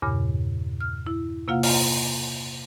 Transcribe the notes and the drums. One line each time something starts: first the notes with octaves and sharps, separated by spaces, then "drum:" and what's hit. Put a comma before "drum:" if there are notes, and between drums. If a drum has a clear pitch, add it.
E2 G2 A#2 C#3
F6
E4
C3 A#3 F4 F5 F#5
F4, drum: open hi-hat